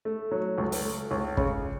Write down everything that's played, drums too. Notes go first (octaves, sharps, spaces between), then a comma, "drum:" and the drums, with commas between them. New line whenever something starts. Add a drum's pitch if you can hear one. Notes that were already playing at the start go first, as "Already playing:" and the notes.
A3
F#3
C#2
drum: open hi-hat
A3
C#2
C#3, drum: kick